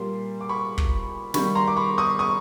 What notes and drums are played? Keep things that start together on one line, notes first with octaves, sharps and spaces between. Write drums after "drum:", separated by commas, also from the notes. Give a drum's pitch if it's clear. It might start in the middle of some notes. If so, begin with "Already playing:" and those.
Already playing: A#2 G3 A#3 C6
D6
B5 C#6
drum: kick
D#3 G3 A#3 B5 C#6, drum: snare
A#5 C6
D6
B5 C#6
C#6 D#6
C#6 D#6